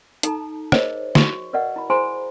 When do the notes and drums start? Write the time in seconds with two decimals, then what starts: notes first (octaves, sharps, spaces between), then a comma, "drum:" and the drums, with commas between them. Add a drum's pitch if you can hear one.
0.23 D#4 A4 A5 A#5, drum: hi-hat
0.72 G#4 A#4 C5 C#5 D#5, drum: rim click
1.15 F#4 C#6, drum: snare
1.53 A#4 B4 D5 D#5 F#5
1.76 E4 B5
1.90 E4 G#4 C5 G#5 A#5 C6